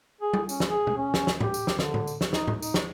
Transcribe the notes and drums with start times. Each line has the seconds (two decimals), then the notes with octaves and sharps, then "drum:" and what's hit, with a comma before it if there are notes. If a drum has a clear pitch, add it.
0.21 G#4
0.34 drum: tom G3
0.49 C#4, drum: tambourine
0.60 drum: snare
0.70 G#4
0.87 drum: tom B2
0.97 C#4
1.14 drum: snare
1.27 drum: snare
1.41 G4, drum: tom A2
1.54 drum: tambourine
1.67 drum: snare
1.79 D3, drum: snare
1.94 drum: tom A2
2.07 drum: tambourine
2.21 drum: snare
2.33 D#4, drum: snare
2.48 drum: tom A2
2.62 D#4, drum: tambourine
2.74 drum: snare